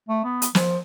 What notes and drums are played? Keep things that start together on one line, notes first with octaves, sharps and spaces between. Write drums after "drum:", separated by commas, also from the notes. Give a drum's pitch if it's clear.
A3
B3
drum: hi-hat
F3, drum: snare